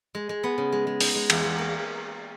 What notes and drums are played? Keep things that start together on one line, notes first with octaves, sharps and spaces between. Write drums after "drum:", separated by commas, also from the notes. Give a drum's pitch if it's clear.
G#3
G#3
B3
C#3
G#3
G#3
D#4, drum: open hi-hat
G#3
E2, drum: cymbal
E2
A#3